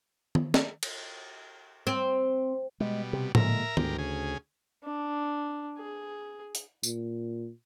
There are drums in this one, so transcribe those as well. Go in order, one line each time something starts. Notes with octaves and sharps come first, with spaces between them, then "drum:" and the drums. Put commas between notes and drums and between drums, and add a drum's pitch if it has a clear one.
drum: tom
drum: snare
drum: cymbal
C4
B2 G3 G#3
C3
A#2 D3 G#3 A#4 E5 A#5, drum: tom A2
D2 G#2 G4 A#4, drum: tom
C#3 G#4
D4
G#4
drum: hi-hat
A#2, drum: tambourine